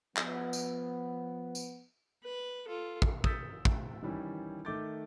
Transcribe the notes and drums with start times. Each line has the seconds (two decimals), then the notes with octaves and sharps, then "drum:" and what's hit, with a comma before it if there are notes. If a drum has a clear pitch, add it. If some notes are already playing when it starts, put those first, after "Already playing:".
0.17 F3 B3, drum: clap
0.53 drum: tambourine
1.55 drum: tambourine
2.23 B4
2.67 F4 A4
3.02 drum: kick
3.24 D#6 E6 G6 A6 B6 C#7, drum: kick
3.65 D1, drum: kick
4.02 D#3 E3 G3 C#4
4.65 D#3 A3 E5 D6 G6 A6